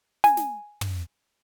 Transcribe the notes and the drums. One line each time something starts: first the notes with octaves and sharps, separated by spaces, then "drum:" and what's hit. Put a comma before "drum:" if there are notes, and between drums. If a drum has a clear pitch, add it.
G#5, drum: snare
drum: snare
drum: tom